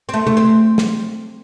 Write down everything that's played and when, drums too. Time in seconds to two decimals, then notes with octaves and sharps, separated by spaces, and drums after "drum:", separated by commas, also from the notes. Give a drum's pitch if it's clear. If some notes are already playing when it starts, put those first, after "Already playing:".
0.09 C4
0.14 A3
0.27 A3, drum: tom
0.37 C4
0.78 drum: snare